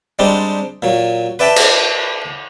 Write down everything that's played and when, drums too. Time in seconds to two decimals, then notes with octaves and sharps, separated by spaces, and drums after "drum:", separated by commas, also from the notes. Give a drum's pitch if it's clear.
0.19 G3 G#3 C4 D4 D#4 G4
0.82 A#2 F#3
1.39 B4 D5 E5 G5 A5 B5
1.56 drum: cymbal